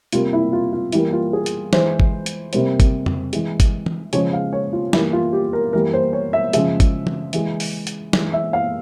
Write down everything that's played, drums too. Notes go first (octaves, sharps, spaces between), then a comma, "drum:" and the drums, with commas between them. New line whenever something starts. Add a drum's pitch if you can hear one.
C3 G3 A#3 F4, drum: hi-hat
E4
F4
F4
E3 G3 A#3 E4, drum: hi-hat
F4
G#4
drum: hi-hat
E3 G#3 C5, drum: snare
drum: kick G#1
drum: hi-hat
C3 G3 A#3 C5, drum: hi-hat
drum: kick G#1, hi-hat
drum: tom F2
E3 G#3, drum: hi-hat
drum: kick G#1, hi-hat
drum: tom
C#3 F3 G#3 C#5, drum: hi-hat
F5
C#5
F4
E3 G3 A#3 E4, drum: snare
F4
G4
A#4
E3 G3 A#3 A#4
C5
C#5
E5
C#3 F3 G#3 E5, drum: hi-hat
drum: kick G#1, hi-hat
drum: tom
E3 G#3, drum: hi-hat
drum: open hi-hat
drum: hi-hat
E3 G#3, drum: snare
E5
F5